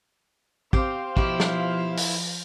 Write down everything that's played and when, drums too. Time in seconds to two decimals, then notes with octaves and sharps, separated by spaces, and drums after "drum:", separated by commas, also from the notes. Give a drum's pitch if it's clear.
0.73 C4 G4 C5 F5, drum: kick
1.17 B2 F3 E4 G4, drum: kick
1.40 drum: snare
1.97 drum: open hi-hat